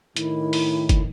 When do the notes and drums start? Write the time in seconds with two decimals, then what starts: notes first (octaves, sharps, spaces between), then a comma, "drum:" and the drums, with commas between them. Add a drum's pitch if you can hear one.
0.16 A2 D#3 E4, drum: hi-hat
0.53 drum: open hi-hat
0.89 drum: kick F#1, hi-hat